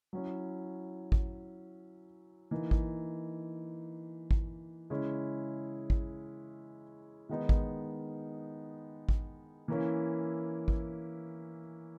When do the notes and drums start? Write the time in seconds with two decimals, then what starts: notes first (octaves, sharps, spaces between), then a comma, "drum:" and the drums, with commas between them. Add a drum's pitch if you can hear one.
0.13 F#3 C#4 E4
1.12 drum: kick G#1
2.51 E3 A#3 D#4
2.71 drum: kick G#1
4.31 drum: kick G#1
4.90 C#3 G#3 C#4 E4
5.90 drum: kick G#1
7.29 D#3 G#3 B3 D#4
7.49 drum: kick G#1
9.09 drum: kick G#1
9.68 E3 A#3 C#4 E4
10.68 drum: kick G#1